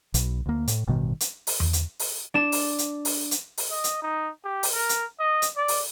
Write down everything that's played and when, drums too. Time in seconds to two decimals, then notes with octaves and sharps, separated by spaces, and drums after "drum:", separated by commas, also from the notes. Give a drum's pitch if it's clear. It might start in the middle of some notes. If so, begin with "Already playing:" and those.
0.14 B1 B2, drum: hi-hat
0.46 D2 A#3
0.68 A2, drum: hi-hat
0.87 A1 G2 B2 D#3
1.20 drum: hi-hat
1.47 drum: open hi-hat
1.60 drum: tom E2
1.73 drum: hi-hat
1.99 drum: open hi-hat
2.34 D4 E7
2.52 drum: open hi-hat
2.78 drum: hi-hat
3.05 drum: open hi-hat
3.31 drum: hi-hat
3.58 drum: open hi-hat
3.71 D#5
3.84 drum: hi-hat
4.02 D#4
4.44 G4
4.63 drum: open hi-hat
4.73 A#4
4.89 drum: hi-hat
5.20 D#5
5.42 drum: hi-hat
5.56 D5
5.68 drum: open hi-hat